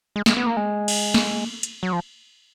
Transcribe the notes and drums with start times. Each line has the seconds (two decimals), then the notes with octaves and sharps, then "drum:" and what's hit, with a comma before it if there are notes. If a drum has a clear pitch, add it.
0.16 G#3
0.26 G#3, drum: snare
0.37 B3
0.46 A#3
0.57 G#3
0.88 drum: cymbal
1.14 drum: snare
1.63 drum: hi-hat
1.83 F#3
1.93 F3